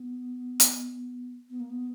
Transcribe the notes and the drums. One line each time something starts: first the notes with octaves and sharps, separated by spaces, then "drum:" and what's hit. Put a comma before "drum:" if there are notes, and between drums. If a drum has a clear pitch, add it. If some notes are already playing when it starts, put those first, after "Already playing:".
Already playing: B3
drum: hi-hat
B3
A#3
B3